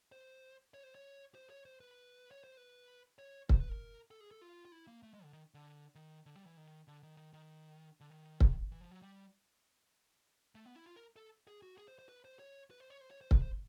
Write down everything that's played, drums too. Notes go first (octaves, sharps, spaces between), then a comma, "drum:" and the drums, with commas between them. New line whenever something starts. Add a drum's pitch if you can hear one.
C5
C#5
C5
C#5
C5
C#5
C5
B4
C#5
C5
B4
C#5
C5, drum: kick C#1
B4
A#4
A4
G#4
A4
F4
F4
E4
A#3
A3
G#3
D3
D#3
D3
D#3
D3
G3
E3
D#3
D3
D#3
D#3
D#3
D3
D#3
drum: kick C#1
E3
F3
F#3
G3
A3
B3
E4
F4
A#4
A4
G#4
F#4
G#4
C5
C5
B4
C5
C#5
B4
C5
C#5
C5
C#5
C5
B4, drum: kick C#1
C5